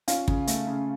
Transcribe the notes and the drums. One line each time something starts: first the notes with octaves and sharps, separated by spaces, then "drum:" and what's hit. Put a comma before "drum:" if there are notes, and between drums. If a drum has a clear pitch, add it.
C#4 F4, drum: hi-hat
C#3, drum: kick
A3, drum: hi-hat
C#3